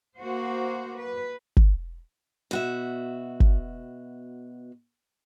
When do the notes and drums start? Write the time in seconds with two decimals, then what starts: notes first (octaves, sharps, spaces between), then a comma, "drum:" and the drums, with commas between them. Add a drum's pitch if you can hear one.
0.19 A#3 F#4 C5
0.97 B4
1.57 drum: kick
2.51 B2 F#4 E5
3.40 drum: kick